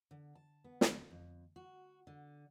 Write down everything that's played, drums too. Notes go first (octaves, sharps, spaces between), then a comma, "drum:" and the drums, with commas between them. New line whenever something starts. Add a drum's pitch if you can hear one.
D3
A5
B3
D2, drum: snare
F2
F#4
D3